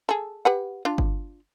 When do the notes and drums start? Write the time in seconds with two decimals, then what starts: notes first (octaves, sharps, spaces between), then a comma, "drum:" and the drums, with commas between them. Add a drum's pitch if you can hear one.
0.09 G#4 A4
0.45 G4 B4 F#5
0.85 D4 F4
0.98 drum: kick G1